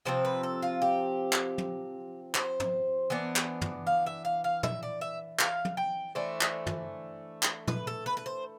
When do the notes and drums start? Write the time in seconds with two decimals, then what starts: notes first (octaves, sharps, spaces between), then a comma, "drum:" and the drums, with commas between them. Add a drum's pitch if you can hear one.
0.05 C3 F3 C4 C5
0.25 B4
0.43 A4
0.62 F4
0.82 G4
1.33 drum: clap
1.58 drum: tom
2.35 C5, drum: clap
2.60 drum: tom
3.10 E3 B3 D4
3.36 drum: clap
3.61 drum: tom
3.87 F5
4.06 E5
4.25 F5
4.44 F5
4.63 E5, drum: tom
4.83 D5
5.01 E5
5.39 F5, drum: clap
5.65 drum: tom
5.77 G5
6.15 E3 A3 D4 C5
6.41 drum: clap
6.66 drum: tom
7.43 drum: clap
7.68 B4, drum: tom
7.87 A4
8.06 B4
8.17 B4
8.26 C5